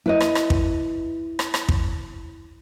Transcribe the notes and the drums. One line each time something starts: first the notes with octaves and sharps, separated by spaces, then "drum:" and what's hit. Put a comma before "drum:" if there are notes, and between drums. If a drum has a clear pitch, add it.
E4 B4 D#5
drum: rim click
drum: rim click
drum: kick
drum: rim click
drum: rim click
drum: kick